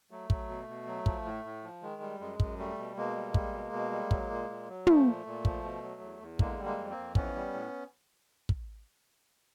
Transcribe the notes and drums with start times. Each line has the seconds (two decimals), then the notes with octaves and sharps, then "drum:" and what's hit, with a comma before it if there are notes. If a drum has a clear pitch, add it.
0.11 F#3 A3
0.30 F#3, drum: kick
0.49 B2
0.68 B2
0.87 F#3
1.06 F3, drum: kick
1.25 A2
1.44 A2
1.63 F3
1.82 D#3 G#3
2.02 G3
2.20 F#2 G#3
2.40 F#2, drum: kick
2.58 G3 A3
2.78 B2
2.97 B2 G#3 A#3
3.16 G3
3.34 G3, drum: kick
3.53 B2
3.73 B2
3.91 G3
4.11 F#3, drum: kick
4.30 A#2
4.50 A#2
4.69 F#3
4.87 F3 A3, drum: tom
5.07 A#2
5.26 A#2
5.45 F3, drum: kick
5.63 B2
5.82 F#3
6.01 E2
6.20 E2
6.39 D3 G#3 A#3, drum: kick
6.58 G3
6.64 G#3 A#3
6.77 F2
6.90 A#3 C4
6.97 F2
7.15 E3 B3 C#4, drum: kick
7.35 G3
7.53 A2
8.49 drum: kick